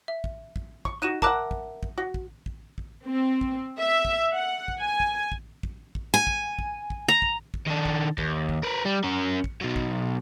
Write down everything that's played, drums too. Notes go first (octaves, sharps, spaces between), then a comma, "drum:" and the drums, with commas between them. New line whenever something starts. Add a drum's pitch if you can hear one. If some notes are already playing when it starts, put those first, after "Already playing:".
E5
drum: kick
drum: kick
C#6, drum: kick
D#4 F#4 F#6 D#7 E7
A#4 E5 F#5 A5 D6 F#6, drum: kick
drum: kick
drum: kick
F#4
drum: kick
drum: kick
drum: kick
C4
drum: kick
E5
drum: kick
F#5
drum: kick
G#5
drum: kick
drum: kick
drum: kick
drum: kick
G#5
drum: kick
drum: kick
drum: kick
A#5
drum: kick
drum: kick
D#3 D4
drum: kick
D#2, drum: kick
drum: kick
A#4 B4
G3
C#4 A#4
drum: kick
B2 F#3
drum: kick